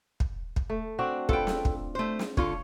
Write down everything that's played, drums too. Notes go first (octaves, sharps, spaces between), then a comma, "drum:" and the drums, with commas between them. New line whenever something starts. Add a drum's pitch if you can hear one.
drum: kick
drum: kick
A3
C4 D4 F#4
F4 A4 B4 G5, drum: kick
drum: snare
drum: kick
A3 C5
drum: snare
D3 F4 A4 C#5, drum: kick